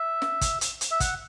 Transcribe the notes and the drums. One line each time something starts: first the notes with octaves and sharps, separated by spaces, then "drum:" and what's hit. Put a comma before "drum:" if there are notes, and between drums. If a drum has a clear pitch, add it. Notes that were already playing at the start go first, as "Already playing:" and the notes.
Already playing: E5
drum: snare
drum: kick, hi-hat
drum: hi-hat
drum: hi-hat
E5
F#5, drum: kick, hi-hat